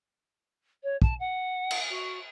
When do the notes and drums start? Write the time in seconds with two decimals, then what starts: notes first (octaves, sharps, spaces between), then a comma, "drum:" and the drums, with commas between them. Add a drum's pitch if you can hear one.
0.83 C#5
1.02 A5, drum: kick
1.19 F#5
1.71 drum: cymbal
1.90 F#4